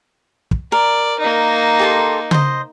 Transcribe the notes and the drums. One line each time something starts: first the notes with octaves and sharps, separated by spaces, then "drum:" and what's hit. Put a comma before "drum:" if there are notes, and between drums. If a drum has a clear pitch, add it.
drum: kick
A#4 D5
A#3 D#4
G4 A4 C6
C5 D#5, drum: tom C#3